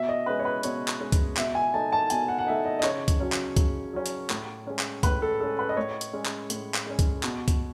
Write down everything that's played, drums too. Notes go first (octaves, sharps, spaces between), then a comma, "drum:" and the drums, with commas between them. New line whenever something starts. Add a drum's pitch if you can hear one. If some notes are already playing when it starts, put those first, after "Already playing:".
Already playing: B2 E5
D#5
G#3 C#4 B4
C#5
B4
B2 C#5, drum: hi-hat
drum: clap
G#3 C#4
drum: kick, hi-hat
B2 E5, drum: clap
G#5
A3 D#4 A5
A5
B2 G#5, drum: hi-hat
F#5
F#5
A3 D#4 E5
D#5
D#5
C#3 C#5, drum: clap
drum: kick, hi-hat
F#3 C#4
drum: clap
C#3, drum: kick, hi-hat
F#3 C#4
drum: hi-hat
A2, drum: clap
G#3 C#4
drum: clap
A2 B4, drum: kick, hi-hat
A4
G#3 C#4 A4
B4
D#5
A2 C#5
drum: hi-hat
G#3 C#4
drum: clap
A2, drum: hi-hat
drum: clap
G#3 C#4
drum: kick, hi-hat
B2, drum: clap
drum: kick, hi-hat